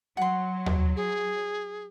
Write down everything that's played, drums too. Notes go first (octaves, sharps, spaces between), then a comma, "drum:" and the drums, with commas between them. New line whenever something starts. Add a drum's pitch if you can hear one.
F#3 F#5 C6
drum: tom D#2
G#4